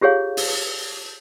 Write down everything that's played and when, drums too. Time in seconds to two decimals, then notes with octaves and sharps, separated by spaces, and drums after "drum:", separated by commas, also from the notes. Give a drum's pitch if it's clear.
0.01 F4 G4 G#4 C#5 F5
0.37 drum: open hi-hat